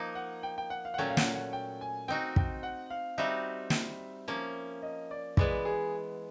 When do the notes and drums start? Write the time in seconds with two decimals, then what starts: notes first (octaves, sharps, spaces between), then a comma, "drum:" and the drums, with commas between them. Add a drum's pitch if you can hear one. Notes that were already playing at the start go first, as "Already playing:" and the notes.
Already playing: F3 A#3 D#4
0.15 F#5
0.43 G5
0.58 G5
0.70 F#5
0.85 F5
0.94 F#5
0.98 A#2 F#3 A3 C#4 G5
1.10 F5
1.17 F#5, drum: snare
1.34 F#5
1.53 G5
1.81 G#5
2.08 C4 D#4 F#4 G5
2.36 G5, drum: kick
2.63 F#5
2.90 F5
3.18 G3 C4 D#4 F#4 E5
3.70 drum: snare
4.28 F3 A#3 C#4
4.83 D#5
5.11 D5
5.37 E3 G#3 B3 D5, drum: kick
5.65 G#4